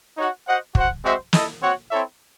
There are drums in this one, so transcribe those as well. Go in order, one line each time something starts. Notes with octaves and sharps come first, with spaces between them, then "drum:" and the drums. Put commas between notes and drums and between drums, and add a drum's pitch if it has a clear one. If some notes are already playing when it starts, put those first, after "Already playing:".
D#4 F#4 C#5 F#5
F#4 C5 D#5 F#5
F#4 C5 F#5, drum: kick
G#3 C4 F#4 C5 E5
E4 A4 D#5, drum: snare
C4 F#4 C#5 F#5
C4 E4 A4 C#5 E5